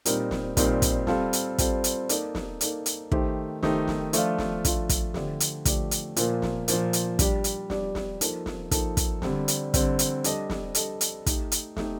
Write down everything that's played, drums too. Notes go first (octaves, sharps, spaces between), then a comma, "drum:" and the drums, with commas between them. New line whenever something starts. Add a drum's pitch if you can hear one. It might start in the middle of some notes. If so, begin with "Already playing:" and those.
A#2 G3 C4 D#4 A#4, drum: hi-hat
drum: snare
A#2 G3 C4 D#4 A#4, drum: kick, hi-hat
drum: kick, hi-hat
G3 C4 F4 A4, drum: snare
drum: hi-hat
G3 C4 F4 A4, drum: kick, hi-hat
drum: hi-hat
A#3 D#4 A4 D5, drum: hi-hat
drum: snare
A#3 D#4 A4 D5, drum: hi-hat
drum: hi-hat
D#3 A3 D#4 G4 C5, drum: kick
D#3 A3 D#4 G4 C5, drum: snare
drum: snare
F3 A3 D4 F4, drum: hi-hat
drum: snare
F3 A3 D4 F4, drum: kick, hi-hat
drum: kick, hi-hat
D3 F3 A3 D4 G4, drum: snare
drum: hi-hat
D3 F3 A3 D4 G4, drum: kick, hi-hat
drum: hi-hat
A#2 F3 A#3, drum: hi-hat
drum: snare
A#2 F3 A#3, drum: hi-hat
drum: hi-hat
G3 D4 G4, drum: kick, hi-hat
drum: hi-hat
G3 D4 G4, drum: snare
drum: snare
F3 A#3 D#4 A4, drum: hi-hat
drum: snare
F3 A#3 D#4 A4, drum: kick, hi-hat
drum: kick, hi-hat
D3 G3 C4, drum: snare
drum: hi-hat
D3 G3 C4, drum: kick, hi-hat
drum: hi-hat
G3 D4 A4 D#5, drum: hi-hat
drum: snare
G3 D4 A4 D#5, drum: hi-hat
drum: hi-hat
A3 D#4 G4, drum: kick, hi-hat
drum: hi-hat
A3 D#4 G4, drum: snare